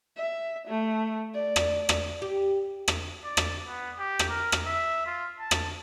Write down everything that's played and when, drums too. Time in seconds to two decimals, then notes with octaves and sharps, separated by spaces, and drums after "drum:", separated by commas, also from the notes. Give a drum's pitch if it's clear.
0.17 E5
0.68 A3
1.34 D5
1.56 drum: rim click
1.89 drum: rim click
2.22 G4
2.88 drum: rim click
3.24 D5
3.37 drum: rim click
3.67 B3
3.99 G4
4.19 drum: rim click
4.29 A#4
4.52 drum: rim click
4.66 E5
5.06 F4
5.40 A5
5.51 drum: rim click